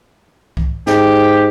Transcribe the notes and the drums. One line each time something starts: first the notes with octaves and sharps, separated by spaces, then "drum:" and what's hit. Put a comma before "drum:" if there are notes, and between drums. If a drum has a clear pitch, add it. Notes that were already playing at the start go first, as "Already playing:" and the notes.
drum: kick C2
G#2 G4, drum: snare